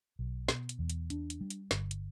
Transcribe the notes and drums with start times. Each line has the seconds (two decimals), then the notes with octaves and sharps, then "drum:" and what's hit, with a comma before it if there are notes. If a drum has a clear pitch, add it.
0.19 B1
0.48 B2, drum: snare
0.69 drum: hi-hat
0.79 E2
0.90 drum: hi-hat
1.10 D4, drum: hi-hat
1.30 drum: hi-hat
1.41 G3
1.50 drum: hi-hat
1.71 G1, drum: snare
1.91 drum: hi-hat